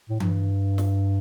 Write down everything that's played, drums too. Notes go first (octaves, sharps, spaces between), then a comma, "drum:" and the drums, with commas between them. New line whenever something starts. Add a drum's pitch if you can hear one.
A2
G2, drum: tom E3
drum: snare